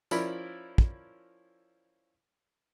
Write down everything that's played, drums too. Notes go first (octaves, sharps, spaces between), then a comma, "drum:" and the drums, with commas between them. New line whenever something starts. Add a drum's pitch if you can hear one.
F3 C#4 E4 A#4 D5 B5, drum: tambourine
drum: kick